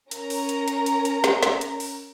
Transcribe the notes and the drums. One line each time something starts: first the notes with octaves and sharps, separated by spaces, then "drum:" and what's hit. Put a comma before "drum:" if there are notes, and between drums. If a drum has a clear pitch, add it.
C#4 A#4 A#5, drum: hi-hat
drum: open hi-hat
drum: hi-hat
drum: hi-hat
drum: hi-hat
drum: hi-hat
drum: snare
drum: snare
drum: hi-hat
drum: open hi-hat